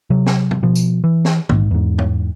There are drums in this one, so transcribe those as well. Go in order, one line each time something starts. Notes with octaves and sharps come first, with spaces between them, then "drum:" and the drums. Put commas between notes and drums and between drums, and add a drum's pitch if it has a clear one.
C3 F#3
drum: snare
drum: tom
B2 F3
drum: tambourine
E3
drum: snare
A#1 G#2, drum: tom D#3
E2 G#2
drum: tom